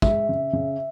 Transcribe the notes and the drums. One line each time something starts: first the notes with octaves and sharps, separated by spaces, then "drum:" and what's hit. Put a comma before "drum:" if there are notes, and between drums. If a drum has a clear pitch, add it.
G#3 E5, drum: kick
C#3
C#3